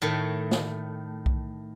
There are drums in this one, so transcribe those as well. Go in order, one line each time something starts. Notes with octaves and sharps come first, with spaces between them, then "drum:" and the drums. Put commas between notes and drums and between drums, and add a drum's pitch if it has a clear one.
A2 D#3 A3
drum: snare
drum: kick B1